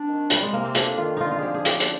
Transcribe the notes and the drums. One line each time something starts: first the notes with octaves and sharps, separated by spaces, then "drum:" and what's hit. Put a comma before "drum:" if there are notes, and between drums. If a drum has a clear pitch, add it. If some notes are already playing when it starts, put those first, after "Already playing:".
Already playing: C4 D4
D#3
C2 G3, drum: hi-hat
G#3
C3 A#3
C4
F2 D4, drum: hi-hat
D#3 F4
D3 D#4 F4
F4
F3 G4 G#4
G#4
D3 G4, drum: hi-hat
drum: hi-hat